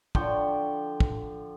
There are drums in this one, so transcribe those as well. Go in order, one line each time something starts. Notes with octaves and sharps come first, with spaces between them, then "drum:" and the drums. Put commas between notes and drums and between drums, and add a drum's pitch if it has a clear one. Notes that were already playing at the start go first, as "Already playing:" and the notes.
D3 F3 G5 C#6, drum: kick
drum: kick